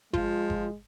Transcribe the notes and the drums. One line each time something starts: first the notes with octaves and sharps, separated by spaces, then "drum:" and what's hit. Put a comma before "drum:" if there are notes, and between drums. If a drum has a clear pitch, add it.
F3 G#3 F4, drum: kick G1
drum: kick G1